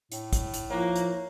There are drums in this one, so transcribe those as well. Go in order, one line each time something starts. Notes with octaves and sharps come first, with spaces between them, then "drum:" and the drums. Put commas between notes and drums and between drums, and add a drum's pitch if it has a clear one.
A2, drum: hi-hat
drum: kick, hi-hat
drum: hi-hat
F3 A#3 E4 C#5
drum: hi-hat